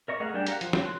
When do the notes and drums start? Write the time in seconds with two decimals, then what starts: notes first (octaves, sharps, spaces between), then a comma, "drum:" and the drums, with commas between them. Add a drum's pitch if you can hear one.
0.08 A#4 D#5 C#6
0.20 A3 G#4 A#4 F5 F#5
0.34 G3 D4 G#4 G5
0.47 G4 A#4 F5 F#5, drum: hi-hat
0.61 F3, drum: hi-hat
0.73 drum: snare
0.83 C6 F#6